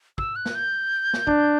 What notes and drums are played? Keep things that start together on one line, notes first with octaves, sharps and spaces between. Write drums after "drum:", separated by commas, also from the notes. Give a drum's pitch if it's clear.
E6, drum: kick
F#6
drum: snare
G6
drum: snare
D4, drum: kick